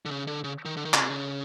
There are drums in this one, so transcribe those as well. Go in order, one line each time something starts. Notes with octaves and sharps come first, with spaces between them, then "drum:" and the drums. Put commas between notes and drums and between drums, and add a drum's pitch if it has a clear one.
D3
C#3
D3
C#3
D#3
D3
D#3
C#3, drum: clap
C3
C#3